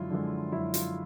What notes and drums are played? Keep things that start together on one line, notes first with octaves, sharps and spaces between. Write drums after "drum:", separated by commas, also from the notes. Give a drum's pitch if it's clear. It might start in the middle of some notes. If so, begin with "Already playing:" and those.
Already playing: F#2 D3 F3 G#3 E4 F4
D3 F3 G#3
F#2 E4
F4, drum: hi-hat